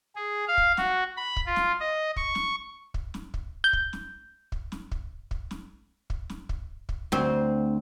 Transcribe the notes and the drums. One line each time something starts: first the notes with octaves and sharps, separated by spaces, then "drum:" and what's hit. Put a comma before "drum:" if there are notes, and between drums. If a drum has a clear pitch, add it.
G#4
F5
drum: kick
F#4, drum: snare
B5
drum: kick
F4
drum: snare
D#5
C#6, drum: kick
drum: snare
drum: kick
drum: snare
drum: kick
G6
drum: kick
drum: snare
drum: kick
drum: snare
drum: kick
drum: kick
drum: snare
drum: kick
drum: snare
drum: kick
drum: kick
D2 C4